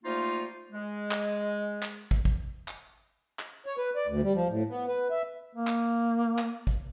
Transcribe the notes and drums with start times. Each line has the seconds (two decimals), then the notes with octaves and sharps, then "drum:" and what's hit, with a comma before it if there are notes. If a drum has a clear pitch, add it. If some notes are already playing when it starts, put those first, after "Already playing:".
0.04 F3 G3 A3 A#3 D#4 F4
0.72 G#3
1.11 drum: clap
1.83 drum: clap
2.11 drum: kick
2.25 drum: kick
2.68 drum: clap
3.39 drum: clap
3.66 C#5
3.78 B4
3.96 D5
4.07 D2
4.22 G3
4.34 F3
4.49 A2
4.69 B3
4.88 B4
5.10 E5
5.55 A#3
5.67 drum: clap
6.38 drum: clap
6.67 drum: kick